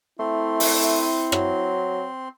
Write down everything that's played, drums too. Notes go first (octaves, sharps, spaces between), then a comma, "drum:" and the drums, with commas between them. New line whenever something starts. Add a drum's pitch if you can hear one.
A3 C4 E4 C6
drum: open hi-hat
F#3, drum: rim click